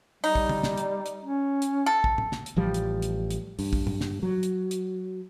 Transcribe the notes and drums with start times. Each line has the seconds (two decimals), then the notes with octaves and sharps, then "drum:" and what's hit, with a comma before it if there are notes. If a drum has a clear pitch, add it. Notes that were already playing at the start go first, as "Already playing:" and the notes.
0.24 G3 D#4, drum: open hi-hat
0.35 drum: kick
0.49 drum: tom
0.64 drum: snare
0.78 drum: hi-hat
1.06 drum: hi-hat
1.24 C#4
1.62 drum: hi-hat
1.86 A4
2.04 drum: kick
2.18 drum: tom
2.32 drum: snare
2.46 drum: hi-hat
2.56 A1 F3 G3
2.74 drum: hi-hat
3.02 drum: hi-hat
3.31 drum: hi-hat
3.59 G2, drum: open hi-hat
3.73 drum: kick
3.87 drum: tom
4.01 drum: snare
4.23 F#3
4.43 drum: hi-hat
4.71 drum: hi-hat